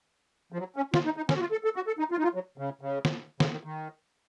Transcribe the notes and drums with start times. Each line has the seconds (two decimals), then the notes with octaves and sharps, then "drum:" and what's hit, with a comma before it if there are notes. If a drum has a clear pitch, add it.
0.52 F3
0.59 F#3
0.76 C#4
0.94 F4, drum: snare
1.05 D#4
1.17 D#4
1.29 C#4, drum: snare
1.35 F#4
1.41 F4
1.52 A4
1.64 A4
1.76 F#4
1.87 A4
1.99 D#4
2.12 F4
2.19 D#4
2.23 F4
2.34 F#3
2.58 C#3
2.81 C#3
3.05 drum: snare
3.40 C#3, drum: snare
3.52 D#3
3.63 D#3